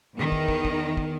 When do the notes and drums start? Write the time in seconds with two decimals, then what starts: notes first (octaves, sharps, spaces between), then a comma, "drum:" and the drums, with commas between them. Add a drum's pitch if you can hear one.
0.16 E2 D#3
0.32 drum: kick
0.48 drum: kick
0.65 drum: kick
0.97 drum: kick